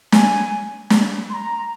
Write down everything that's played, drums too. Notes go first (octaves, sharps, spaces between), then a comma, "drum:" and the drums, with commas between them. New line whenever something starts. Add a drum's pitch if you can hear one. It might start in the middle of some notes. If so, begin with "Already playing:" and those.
G#5, drum: snare
drum: snare
C6
A#5